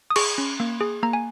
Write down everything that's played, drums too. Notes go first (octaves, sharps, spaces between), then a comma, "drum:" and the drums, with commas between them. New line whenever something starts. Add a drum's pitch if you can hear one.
D#6
G#4 C#6, drum: cymbal
C#4
A#3
G#4
A#3 A#5
G#5